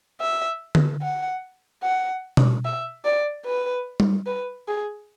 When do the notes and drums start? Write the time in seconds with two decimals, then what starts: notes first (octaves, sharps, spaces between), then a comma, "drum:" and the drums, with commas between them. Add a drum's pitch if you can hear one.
0.20 E5
0.75 drum: tom D3
1.02 F#5
1.83 F#5
2.37 drum: tom B2
2.65 E5
3.05 D5
3.45 B4
4.00 drum: tom G3
4.26 B4
4.68 G#4